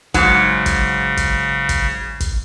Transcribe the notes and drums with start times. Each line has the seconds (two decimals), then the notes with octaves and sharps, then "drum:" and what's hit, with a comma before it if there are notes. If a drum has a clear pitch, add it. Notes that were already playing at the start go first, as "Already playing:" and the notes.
0.14 G#2 C#3 F#3, drum: kick, hi-hat
0.66 drum: kick, hi-hat
1.17 drum: kick, hi-hat
1.69 drum: kick, hi-hat
2.20 drum: kick, hi-hat